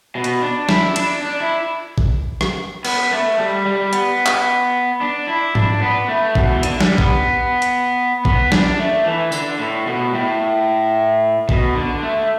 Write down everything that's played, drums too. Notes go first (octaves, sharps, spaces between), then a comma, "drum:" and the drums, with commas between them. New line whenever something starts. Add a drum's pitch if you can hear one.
B2
drum: hi-hat
D4
E4, drum: snare
D4, drum: cymbal
D4
E4
drum: kick
drum: rim click
B3, drum: cymbal
A3
G3
G3
B3, drum: hi-hat
drum: clap
D4
E4
D4, drum: tom
B3
A3
B2, drum: kick
E3
D3, drum: hi-hat
G3, drum: snare
B3, drum: kick
drum: hi-hat
B3, drum: kick
D4, drum: snare
A3
E3
D3, drum: tambourine
A2
B2
A2
B2, drum: kick
D3
A3